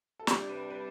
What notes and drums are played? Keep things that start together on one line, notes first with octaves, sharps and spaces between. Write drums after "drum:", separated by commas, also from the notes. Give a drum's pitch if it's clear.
A4
C3 G3 D4 G4, drum: snare
B4
B4